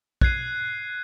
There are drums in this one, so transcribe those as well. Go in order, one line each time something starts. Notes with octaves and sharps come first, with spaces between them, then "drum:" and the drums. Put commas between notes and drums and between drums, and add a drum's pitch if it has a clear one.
F#6 G#6 C7 D#7, drum: kick